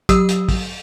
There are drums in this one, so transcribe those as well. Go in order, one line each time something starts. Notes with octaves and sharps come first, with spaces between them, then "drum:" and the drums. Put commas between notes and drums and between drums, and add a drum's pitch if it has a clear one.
F#3 G4 D#6 E6, drum: kick, hi-hat
drum: hi-hat
drum: kick, open hi-hat